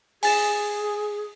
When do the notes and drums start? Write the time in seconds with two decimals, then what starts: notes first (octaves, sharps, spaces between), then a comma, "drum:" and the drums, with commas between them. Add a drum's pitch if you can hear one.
0.23 G#4 G#5 A6 E7, drum: open hi-hat